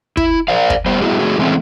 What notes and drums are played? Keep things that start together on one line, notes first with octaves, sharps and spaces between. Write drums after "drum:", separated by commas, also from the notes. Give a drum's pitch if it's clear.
E4, drum: kick
A#4 C5 D5 F5
drum: kick
G3 B3 C5
G3 A3 B3 E4 F#4 G#4
D3 A3 F#4 G#4
E3 G#3 A3 C4 C#4